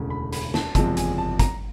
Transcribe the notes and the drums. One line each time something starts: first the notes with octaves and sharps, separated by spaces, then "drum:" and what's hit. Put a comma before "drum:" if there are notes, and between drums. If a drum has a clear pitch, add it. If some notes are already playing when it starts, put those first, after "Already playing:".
Already playing: E1 D2 C#3
B5
B5, drum: hi-hat
A5, drum: snare
F#1 E2 C3 F3 G#3 A5, drum: kick, hi-hat
G#5, drum: hi-hat
A5
A#5, drum: kick, hi-hat